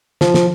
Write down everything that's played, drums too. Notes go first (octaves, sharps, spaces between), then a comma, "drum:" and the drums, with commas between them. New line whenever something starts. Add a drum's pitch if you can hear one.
F3, drum: snare
drum: snare